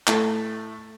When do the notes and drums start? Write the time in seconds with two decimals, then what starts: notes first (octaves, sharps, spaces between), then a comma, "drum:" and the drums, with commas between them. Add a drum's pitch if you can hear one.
0.07 A2 A3, drum: clap